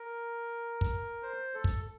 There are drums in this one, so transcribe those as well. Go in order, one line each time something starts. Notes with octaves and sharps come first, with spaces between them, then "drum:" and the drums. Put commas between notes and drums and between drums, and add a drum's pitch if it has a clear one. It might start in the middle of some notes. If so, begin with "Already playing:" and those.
Already playing: A#4
drum: kick
C5
A4
drum: kick